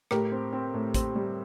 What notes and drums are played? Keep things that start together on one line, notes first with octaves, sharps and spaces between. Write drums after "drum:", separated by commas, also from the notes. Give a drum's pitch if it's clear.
A2 G4 A#4, drum: rim click
C4
C4
A2
C4, drum: kick, hi-hat
G3